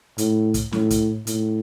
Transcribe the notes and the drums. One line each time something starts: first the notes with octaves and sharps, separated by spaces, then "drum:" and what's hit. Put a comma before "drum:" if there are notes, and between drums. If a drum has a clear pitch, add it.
A2, drum: hi-hat
drum: kick, hi-hat
A2, drum: snare
drum: kick, hi-hat
A2, drum: hi-hat